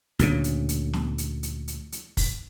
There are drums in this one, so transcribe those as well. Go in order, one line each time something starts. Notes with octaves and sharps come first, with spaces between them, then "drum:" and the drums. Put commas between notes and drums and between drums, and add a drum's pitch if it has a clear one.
D2 A#2 C#3, drum: hi-hat
drum: hi-hat
drum: hi-hat
drum: snare
drum: hi-hat
drum: hi-hat
drum: hi-hat
drum: hi-hat
drum: kick, open hi-hat